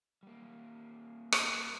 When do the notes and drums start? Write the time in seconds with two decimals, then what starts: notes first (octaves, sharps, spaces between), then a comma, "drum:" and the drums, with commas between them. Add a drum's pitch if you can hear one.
0.23 G3 A#3
1.32 drum: rim click